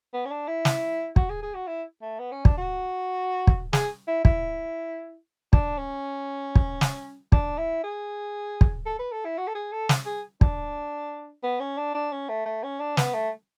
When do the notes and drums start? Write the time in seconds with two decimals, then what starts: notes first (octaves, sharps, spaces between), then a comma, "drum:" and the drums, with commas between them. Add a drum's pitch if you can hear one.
0.14 B3
0.25 C#4
0.31 D4
0.48 E4
0.65 drum: snare
1.16 F#4, drum: kick
1.30 G#4
1.43 G#4
1.55 F#4
1.67 E4
2.02 A3
2.19 B3
2.32 C#4
2.45 D4, drum: kick
2.58 F#4
3.47 drum: kick
3.73 G#4, drum: snare
4.08 E4
4.25 E4, drum: kick
5.53 D4, drum: kick
5.78 C#4
6.55 drum: kick
6.81 drum: snare
7.32 D4, drum: kick
7.58 E4
7.84 G#4
8.61 drum: kick
8.86 A4
8.99 B4
9.12 A4
9.25 E4
9.38 F#4
9.47 A4
9.55 G#4
9.72 A4
9.89 drum: snare
10.06 G#4
10.41 D4, drum: kick
11.43 B3
11.60 C#4
11.77 D4
11.94 D4
12.12 C#4
12.29 A3
12.46 A3
12.63 C#4
12.80 D4
12.97 B3, drum: snare
13.14 A3